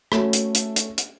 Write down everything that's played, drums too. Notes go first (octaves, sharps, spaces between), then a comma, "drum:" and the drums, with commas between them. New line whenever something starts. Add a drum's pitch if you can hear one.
A3 C#4 F#4, drum: rim click
drum: hi-hat
drum: hi-hat
drum: hi-hat
drum: hi-hat